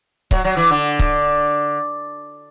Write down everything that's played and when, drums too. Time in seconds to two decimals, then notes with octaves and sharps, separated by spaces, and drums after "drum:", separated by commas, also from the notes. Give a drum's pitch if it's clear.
0.31 F#3, drum: kick C#1
0.44 F#3
0.57 E3, drum: hi-hat
0.70 D3
0.99 drum: kick C#1